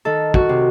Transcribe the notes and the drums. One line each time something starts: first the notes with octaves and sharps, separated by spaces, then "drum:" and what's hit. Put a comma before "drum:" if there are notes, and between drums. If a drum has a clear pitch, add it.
D#3 A4
F#4, drum: kick
C3